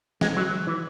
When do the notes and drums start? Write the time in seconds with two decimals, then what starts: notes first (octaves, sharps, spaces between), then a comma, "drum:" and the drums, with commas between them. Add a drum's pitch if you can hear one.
0.21 G#3, drum: snare
0.37 F#3
0.67 E3